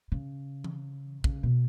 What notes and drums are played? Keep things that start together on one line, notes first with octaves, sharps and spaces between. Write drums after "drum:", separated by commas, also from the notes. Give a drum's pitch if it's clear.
C#3
drum: tom E3
C#3, drum: kick
B2